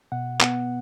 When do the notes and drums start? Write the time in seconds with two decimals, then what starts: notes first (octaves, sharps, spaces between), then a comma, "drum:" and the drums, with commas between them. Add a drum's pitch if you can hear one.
0.12 B2 F#5
0.41 B3 F#5, drum: clap